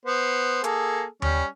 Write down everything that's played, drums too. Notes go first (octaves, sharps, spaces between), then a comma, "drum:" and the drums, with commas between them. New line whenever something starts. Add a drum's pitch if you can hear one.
B3 C5
A#3 G#4 A4, drum: hi-hat
G3 C#4, drum: tom D#2